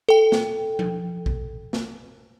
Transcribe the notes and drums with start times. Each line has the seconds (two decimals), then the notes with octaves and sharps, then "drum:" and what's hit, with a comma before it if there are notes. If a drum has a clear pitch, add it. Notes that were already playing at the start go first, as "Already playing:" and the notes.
0.09 A4 G5
0.32 drum: snare
0.79 drum: tom F3
1.26 drum: kick A#1
1.73 drum: snare